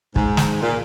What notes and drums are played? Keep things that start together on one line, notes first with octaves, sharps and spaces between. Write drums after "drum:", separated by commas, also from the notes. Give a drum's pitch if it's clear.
G#2, drum: kick
drum: snare
A#2